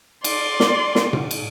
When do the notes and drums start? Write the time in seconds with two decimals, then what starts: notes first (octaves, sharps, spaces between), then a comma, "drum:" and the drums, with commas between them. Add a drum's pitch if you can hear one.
0.24 D5 C6, drum: cymbal
0.60 drum: snare
0.95 drum: snare
1.13 drum: tom A2
1.31 drum: cymbal